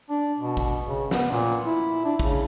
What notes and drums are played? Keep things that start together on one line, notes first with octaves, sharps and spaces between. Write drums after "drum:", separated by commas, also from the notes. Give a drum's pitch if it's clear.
D4
B2
drum: kick
C#3
B3, drum: snare
A#2
E4
D4
C#3, drum: kick